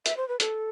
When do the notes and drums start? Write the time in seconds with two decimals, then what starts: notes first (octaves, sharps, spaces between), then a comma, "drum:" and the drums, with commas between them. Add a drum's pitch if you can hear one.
0.06 E5, drum: hi-hat
0.17 C5
0.28 B4
0.40 A4, drum: hi-hat